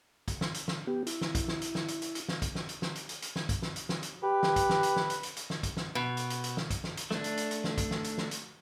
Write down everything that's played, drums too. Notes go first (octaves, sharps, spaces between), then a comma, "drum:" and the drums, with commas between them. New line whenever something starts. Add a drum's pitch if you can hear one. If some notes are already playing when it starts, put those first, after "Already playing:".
drum: kick A#1, hi-hat
drum: snare
drum: hi-hat
drum: snare
B3 G4
E4, drum: hi-hat
drum: snare
drum: kick A#1, hi-hat
drum: snare
drum: hi-hat
drum: snare
drum: hi-hat
drum: hi-hat
drum: hi-hat
drum: snare
drum: kick A#1, hi-hat
drum: snare
drum: hi-hat
drum: snare
drum: hi-hat
drum: hi-hat
drum: hi-hat
drum: snare
drum: kick A#1, hi-hat
drum: snare
drum: hi-hat
drum: snare
drum: hi-hat
G4 B4
drum: snare
drum: kick A#1, hi-hat
drum: snare
drum: hi-hat
drum: snare
drum: hi-hat
drum: hi-hat
drum: hi-hat
drum: snare
drum: kick A#1, hi-hat
drum: snare
B2
drum: hi-hat
drum: hi-hat
drum: hi-hat
drum: snare
drum: kick A#1, hi-hat
drum: snare
drum: hi-hat
A3 D4, drum: snare
drum: hi-hat
drum: hi-hat
drum: hi-hat
drum: snare
drum: kick A#1, hi-hat
drum: snare
drum: hi-hat
drum: snare
drum: hi-hat